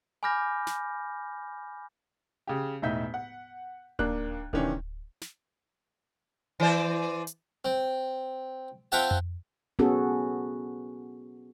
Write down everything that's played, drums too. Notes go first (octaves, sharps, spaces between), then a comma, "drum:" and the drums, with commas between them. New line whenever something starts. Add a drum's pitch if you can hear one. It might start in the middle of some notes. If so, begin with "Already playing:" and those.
G#5 B5 D6 F6 G6 A#6
drum: snare
C#3 G4
E1 A2 D#4 E5 G6 B6
F#5
D#2 A#3 D4 F#6, drum: kick D1
C3 D#3 E3 B3 C#4 D4, drum: kick D1
drum: snare
E3 C5 D5
drum: hi-hat
C4
C4 F4 E5 F#5 G5 A5
drum: tom F2
B3 C#4 F#4 G#4 A4